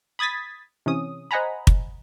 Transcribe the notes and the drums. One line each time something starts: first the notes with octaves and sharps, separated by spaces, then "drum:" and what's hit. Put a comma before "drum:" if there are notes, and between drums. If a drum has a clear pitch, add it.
B5 D#6 G#6 A6 B6
C3 E3 C#4 D#6
C5 D#5 F#5 G#5 A#5 B5
drum: kick